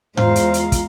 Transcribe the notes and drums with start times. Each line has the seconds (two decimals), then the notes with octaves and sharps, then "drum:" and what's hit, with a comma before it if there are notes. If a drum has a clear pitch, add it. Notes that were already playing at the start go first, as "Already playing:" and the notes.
0.17 E2 G#3 F4 C5 F5 A#5, drum: tom G#2
0.36 drum: hi-hat
0.54 drum: hi-hat
0.72 drum: kick, hi-hat